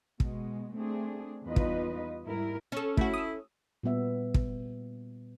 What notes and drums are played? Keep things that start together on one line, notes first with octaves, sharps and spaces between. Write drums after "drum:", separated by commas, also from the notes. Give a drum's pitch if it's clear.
B2 G#3, drum: kick
A3 C4 D4 G#4
E2 G3 D#4 F4 B4 D#5
drum: kick
G#2 G3 E4 A#4
C#4 A4
A3 E4 F#4, drum: kick
D#6 E6
A#2 G3 B3 E5
drum: kick